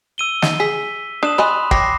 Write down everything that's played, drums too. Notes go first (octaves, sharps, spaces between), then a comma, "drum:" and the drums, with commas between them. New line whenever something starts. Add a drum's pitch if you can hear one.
E6 D#7 G7
D#4, drum: snare
G#4 B6
D4 D#6 E7 F#7
D5 D#5 G#5 B5 C6 F#6
C#5 G5 D6 A#6 C7, drum: kick